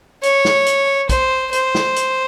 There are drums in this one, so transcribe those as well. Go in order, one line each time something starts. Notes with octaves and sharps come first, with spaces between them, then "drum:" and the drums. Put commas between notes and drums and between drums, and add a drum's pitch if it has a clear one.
C#5, drum: hi-hat
drum: snare
drum: hi-hat
C5, drum: kick, hi-hat
C5, drum: hi-hat
drum: snare
drum: hi-hat